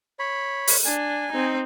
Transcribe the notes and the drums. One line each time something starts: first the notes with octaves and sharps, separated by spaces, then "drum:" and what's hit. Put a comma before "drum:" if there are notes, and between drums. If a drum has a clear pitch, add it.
C#5 B5
drum: open hi-hat
D4 G#5
C4 D#4